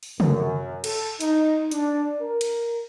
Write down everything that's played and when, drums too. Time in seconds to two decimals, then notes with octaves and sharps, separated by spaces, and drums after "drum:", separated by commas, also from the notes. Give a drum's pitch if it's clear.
0.03 drum: open hi-hat
0.20 F#2, drum: tom
0.84 A4, drum: cymbal
1.21 D#4, drum: hi-hat
1.71 D4, drum: hi-hat
2.20 A#4
2.41 drum: cymbal